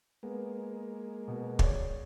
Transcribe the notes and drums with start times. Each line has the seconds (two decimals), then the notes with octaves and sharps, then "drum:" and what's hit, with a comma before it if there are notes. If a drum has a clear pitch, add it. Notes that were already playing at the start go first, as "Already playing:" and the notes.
0.23 G#3 A#3 B3
1.28 B2
1.59 G#4 C#5 D5, drum: kick